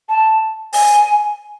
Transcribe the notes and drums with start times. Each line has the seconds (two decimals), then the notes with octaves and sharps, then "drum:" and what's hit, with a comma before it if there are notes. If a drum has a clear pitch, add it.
0.09 A5
0.73 G#5, drum: open hi-hat